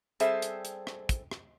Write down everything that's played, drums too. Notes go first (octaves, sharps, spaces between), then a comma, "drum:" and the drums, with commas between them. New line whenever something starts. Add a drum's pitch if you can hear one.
G3 C4 G#4 A4 C5 E5, drum: hi-hat
drum: hi-hat
drum: hi-hat
drum: rim click
drum: kick, hi-hat
drum: rim click